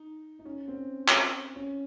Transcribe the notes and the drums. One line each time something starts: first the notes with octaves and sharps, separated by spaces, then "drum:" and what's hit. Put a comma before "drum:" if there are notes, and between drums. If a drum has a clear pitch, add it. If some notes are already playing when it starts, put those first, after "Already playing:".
Already playing: D#4
D#4
C#4
C4
C#4
drum: clap
C#4